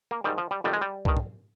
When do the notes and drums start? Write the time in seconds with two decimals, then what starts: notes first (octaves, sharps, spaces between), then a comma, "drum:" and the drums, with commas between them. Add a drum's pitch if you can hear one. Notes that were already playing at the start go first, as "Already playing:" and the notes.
0.11 A#3
0.24 G#2 D#3 G3
0.38 F3
0.51 G3
0.64 F2 C3 D#3 G3
0.73 G#3
0.81 G3
1.05 G2 D#3, drum: kick C2
1.17 drum: tom G#2